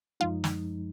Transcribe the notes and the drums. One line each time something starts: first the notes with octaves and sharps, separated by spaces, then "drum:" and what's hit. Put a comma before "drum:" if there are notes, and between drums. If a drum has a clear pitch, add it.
F#2 F3 G#3 D#4 F4
drum: snare